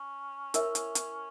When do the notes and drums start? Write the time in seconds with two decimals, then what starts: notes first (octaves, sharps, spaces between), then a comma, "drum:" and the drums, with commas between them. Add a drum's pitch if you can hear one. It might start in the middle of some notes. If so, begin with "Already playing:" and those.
Already playing: C#4
0.54 E4 A#4 C#5 E5 G#5, drum: hi-hat
0.75 drum: hi-hat
0.95 drum: hi-hat